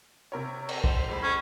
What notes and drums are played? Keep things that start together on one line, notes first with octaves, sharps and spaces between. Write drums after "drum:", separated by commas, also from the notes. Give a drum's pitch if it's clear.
C3 A#4 C#5
drum: cymbal
C5, drum: kick
F2 G#3 B5
C#4